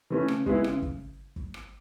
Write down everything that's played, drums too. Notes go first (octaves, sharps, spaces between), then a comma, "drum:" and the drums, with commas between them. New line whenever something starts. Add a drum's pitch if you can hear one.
E3 A3 C#4
C#3, drum: rim click
G#3 B3 E4, drum: kick
C#3, drum: rim click
drum: kick
drum: kick
drum: rim click